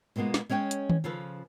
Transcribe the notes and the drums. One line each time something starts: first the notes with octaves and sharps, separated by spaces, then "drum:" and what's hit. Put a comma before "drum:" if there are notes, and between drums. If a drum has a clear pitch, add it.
B2 G#3 A#3 B3 F4
drum: snare
G#3 C#4 C#5 F#5 G5
drum: hi-hat
drum: tom D#3
C#3 F3 F4 A4 B4